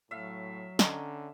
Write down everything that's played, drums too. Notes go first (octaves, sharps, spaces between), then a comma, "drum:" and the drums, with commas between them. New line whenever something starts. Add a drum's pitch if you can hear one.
A2 F#3 E5 F5
D3 C#4 D#5 A#5, drum: snare